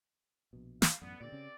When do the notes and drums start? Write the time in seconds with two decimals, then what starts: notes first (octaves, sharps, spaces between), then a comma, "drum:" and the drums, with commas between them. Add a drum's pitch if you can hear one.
0.53 A#1 B2
0.82 F5, drum: snare
1.02 A1 F#2 D3 B3
1.21 G2 A#2 D3 C4 D5
1.32 C#3 C#4